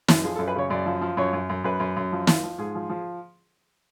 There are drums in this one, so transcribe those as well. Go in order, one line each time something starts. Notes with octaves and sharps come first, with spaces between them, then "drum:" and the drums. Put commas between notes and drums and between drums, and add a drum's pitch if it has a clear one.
F#2, drum: snare
F3 G#4
A4
F#2
B4
C#3 C#5
F#2 D5
F3
F3
F#2 C#5
F#2
F#2
F#2 B4
F#2
F#2
F3
F3, drum: snare
F3
G#2 G#4
F3
F3